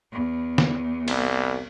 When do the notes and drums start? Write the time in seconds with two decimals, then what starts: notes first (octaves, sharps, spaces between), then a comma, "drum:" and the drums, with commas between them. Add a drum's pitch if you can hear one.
0.12 E2
0.58 drum: snare
1.08 C2, drum: cymbal